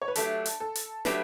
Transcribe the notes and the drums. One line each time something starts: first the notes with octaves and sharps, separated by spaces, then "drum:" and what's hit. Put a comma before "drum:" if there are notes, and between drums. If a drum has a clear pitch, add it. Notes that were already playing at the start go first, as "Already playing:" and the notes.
C#5
B4
F#3 A3 D4 G4 A4, drum: hi-hat
drum: hi-hat
A4
drum: hi-hat
F#3 A3 D4 G4 B4, drum: snare